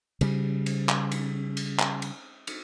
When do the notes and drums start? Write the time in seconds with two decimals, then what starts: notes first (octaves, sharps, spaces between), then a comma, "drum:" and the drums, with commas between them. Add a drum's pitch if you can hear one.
0.21 C#3 G3, drum: cymbal
0.66 drum: cymbal
0.89 drum: clap
1.12 drum: cymbal
1.57 drum: cymbal
1.79 drum: clap
2.02 drum: cymbal
2.47 drum: cymbal